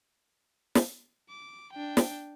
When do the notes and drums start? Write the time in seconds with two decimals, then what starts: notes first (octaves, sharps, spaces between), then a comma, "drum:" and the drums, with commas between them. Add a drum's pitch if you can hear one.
0.75 drum: snare
1.30 D6
1.73 D4 G5
1.97 drum: snare